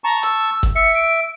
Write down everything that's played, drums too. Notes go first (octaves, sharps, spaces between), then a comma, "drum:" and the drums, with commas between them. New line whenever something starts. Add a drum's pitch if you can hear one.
A5 A#5 C#6
E6, drum: hi-hat
drum: kick G1, hi-hat
E5 C#7
D7